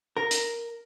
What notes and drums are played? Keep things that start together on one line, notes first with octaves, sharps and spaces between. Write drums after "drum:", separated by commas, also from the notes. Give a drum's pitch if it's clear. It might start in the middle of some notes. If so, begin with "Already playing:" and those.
A#4
drum: hi-hat